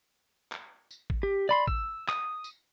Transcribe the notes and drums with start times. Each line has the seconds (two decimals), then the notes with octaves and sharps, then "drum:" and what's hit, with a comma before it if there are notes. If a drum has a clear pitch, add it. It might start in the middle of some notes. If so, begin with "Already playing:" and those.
0.52 drum: clap
0.91 drum: tambourine
1.10 drum: kick
1.23 G4
1.49 D5 B5 C6
1.67 E6, drum: kick
2.09 D#6, drum: clap
2.44 drum: tambourine